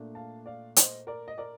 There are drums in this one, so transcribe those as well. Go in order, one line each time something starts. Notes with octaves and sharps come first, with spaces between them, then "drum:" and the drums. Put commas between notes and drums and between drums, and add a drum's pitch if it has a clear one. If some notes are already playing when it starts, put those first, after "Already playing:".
Already playing: A#2 A3 D4
F5 A5
D5 F5
C5 D#5, drum: hi-hat
A#4 D5
D#5
A#4 D5